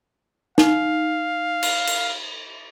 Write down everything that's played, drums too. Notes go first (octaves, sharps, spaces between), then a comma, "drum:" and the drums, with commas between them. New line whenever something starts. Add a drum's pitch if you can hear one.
D#4 F5, drum: snare
drum: cymbal
drum: cymbal